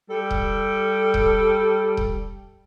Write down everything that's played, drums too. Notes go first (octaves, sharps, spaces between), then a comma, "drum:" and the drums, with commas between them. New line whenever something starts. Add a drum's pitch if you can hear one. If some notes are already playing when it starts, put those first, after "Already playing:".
G3 A4
drum: kick D#1
drum: kick D#1
drum: kick D#1